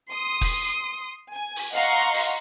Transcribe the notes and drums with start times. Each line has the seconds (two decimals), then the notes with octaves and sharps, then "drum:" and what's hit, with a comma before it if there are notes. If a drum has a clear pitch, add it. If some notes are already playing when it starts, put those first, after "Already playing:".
0.13 C6 D#6
0.41 drum: kick, open hi-hat
1.33 G#5
1.56 drum: open hi-hat
1.74 D#5 F5 F#5 A#5 C6 C#6
2.14 drum: open hi-hat